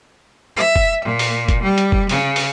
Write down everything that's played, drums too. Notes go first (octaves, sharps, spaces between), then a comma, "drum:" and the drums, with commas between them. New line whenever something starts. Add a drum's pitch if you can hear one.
E5
drum: kick F1
A#2
drum: open hi-hat
drum: kick F1, hi-hat
G3
drum: hi-hat
drum: kick F1
C#3, drum: open hi-hat
drum: open hi-hat